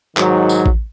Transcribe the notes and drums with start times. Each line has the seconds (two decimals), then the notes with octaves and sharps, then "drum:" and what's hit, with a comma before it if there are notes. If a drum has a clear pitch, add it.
0.17 G#2 D#3 F#3, drum: clap
0.49 drum: tambourine
0.66 drum: kick A1